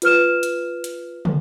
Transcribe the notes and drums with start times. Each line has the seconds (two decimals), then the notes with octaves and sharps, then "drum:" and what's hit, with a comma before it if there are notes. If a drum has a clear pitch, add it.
0.02 F4 B4 F6 E7, drum: hi-hat
0.43 drum: hi-hat
0.84 drum: hi-hat
1.25 drum: tom